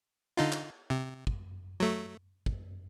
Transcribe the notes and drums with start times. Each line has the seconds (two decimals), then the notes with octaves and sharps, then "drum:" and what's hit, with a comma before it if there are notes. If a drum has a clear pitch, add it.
0.37 D3 D#4 F4
0.52 drum: clap
0.90 C3
1.27 drum: kick
1.80 F#3 A3
2.46 drum: kick